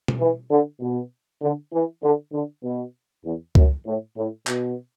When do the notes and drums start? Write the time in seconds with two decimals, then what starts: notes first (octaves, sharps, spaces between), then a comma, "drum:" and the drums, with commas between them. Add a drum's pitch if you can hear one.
0.08 drum: tom B2
0.20 E3
0.50 D3
0.80 B2
1.42 D3
1.73 E3
2.03 D3
2.33 D3
2.64 B2
3.25 E2
3.55 F#2, drum: kick C#2
3.86 A2
4.17 A2
4.47 B2, drum: clap